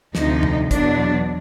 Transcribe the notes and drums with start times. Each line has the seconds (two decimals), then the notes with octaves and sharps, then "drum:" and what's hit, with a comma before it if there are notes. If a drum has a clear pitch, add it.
0.15 D2 C3 F3 D#4, drum: snare
0.43 drum: tom E2
0.71 E2 B2 F#3 D4, drum: kick, hi-hat